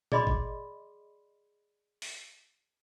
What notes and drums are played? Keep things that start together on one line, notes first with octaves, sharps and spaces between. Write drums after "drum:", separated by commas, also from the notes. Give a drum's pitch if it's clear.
G#4 D5 D#5 B5 C6 D6, drum: tom A#2
drum: kick G1
drum: open hi-hat